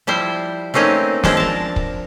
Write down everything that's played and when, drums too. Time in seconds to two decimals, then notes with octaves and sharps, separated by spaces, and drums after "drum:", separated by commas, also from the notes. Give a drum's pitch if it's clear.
0.07 F3 G3 E4 C5
0.74 A3 A#3 C4 C#4 D#4
1.23 F3 G#3 D4 A4, drum: snare
1.37 A#4 A5
1.76 drum: kick